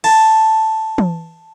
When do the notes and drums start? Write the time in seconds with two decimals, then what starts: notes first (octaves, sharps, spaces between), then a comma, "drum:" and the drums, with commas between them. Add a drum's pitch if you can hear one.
0.04 A5, drum: cymbal
0.98 drum: tom E3